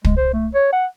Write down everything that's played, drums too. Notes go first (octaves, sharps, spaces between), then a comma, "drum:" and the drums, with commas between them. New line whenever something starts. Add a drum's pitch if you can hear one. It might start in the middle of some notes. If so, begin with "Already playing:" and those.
G#3, drum: kick
C5
A3
C#5
F#5